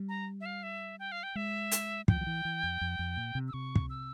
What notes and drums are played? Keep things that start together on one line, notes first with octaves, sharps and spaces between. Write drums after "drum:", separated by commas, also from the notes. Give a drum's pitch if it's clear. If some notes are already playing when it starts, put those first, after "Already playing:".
Already playing: G3
A#5
E5
F5
E5
G5
F5
G5
G#3 E5
drum: hi-hat
F3 G5, drum: kick
F3
E3
E3
F2
F2
F2
A#2
C3
E6
C3 C#6
drum: kick
E6